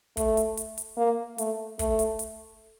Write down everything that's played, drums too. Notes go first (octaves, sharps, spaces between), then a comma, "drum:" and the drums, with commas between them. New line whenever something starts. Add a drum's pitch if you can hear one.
A3, drum: kick, hi-hat
drum: hi-hat
drum: hi-hat
drum: hi-hat
A#3
A3, drum: hi-hat
A3, drum: kick, hi-hat
drum: hi-hat
drum: hi-hat